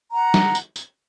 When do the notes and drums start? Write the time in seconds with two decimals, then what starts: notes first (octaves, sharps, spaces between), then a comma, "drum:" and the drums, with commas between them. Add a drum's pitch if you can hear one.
0.13 F#5 A#5
0.34 drum: snare
0.55 drum: tambourine
0.76 drum: tambourine